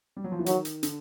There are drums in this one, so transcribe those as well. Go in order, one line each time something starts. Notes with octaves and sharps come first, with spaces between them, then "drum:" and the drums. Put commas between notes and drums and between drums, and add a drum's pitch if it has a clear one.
G3
F#3
F3
E3
D#3 F#3, drum: hi-hat
drum: hi-hat
D3, drum: hi-hat